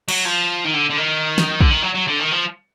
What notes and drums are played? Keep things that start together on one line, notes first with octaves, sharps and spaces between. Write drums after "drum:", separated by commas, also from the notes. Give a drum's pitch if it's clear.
F#3, drum: cymbal
F3
D#3
D3
D3
D#3
drum: snare
D3, drum: kick
D#3
F#3
F#3
D3
D#3
F3